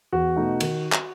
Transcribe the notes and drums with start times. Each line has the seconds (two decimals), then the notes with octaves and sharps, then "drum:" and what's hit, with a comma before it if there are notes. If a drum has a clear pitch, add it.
0.12 E2 F#4
0.36 B2 A3 D#4
0.60 D#3, drum: cymbal
0.92 drum: clap